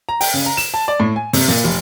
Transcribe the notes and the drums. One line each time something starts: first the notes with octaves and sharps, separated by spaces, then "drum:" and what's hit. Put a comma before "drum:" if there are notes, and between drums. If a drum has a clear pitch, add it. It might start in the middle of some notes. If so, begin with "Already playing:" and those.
A#5
G5, drum: open hi-hat
C#3
A#5
E7, drum: hi-hat
A5
D5
A2
G#5
C3, drum: open hi-hat
A#2, drum: snare
F1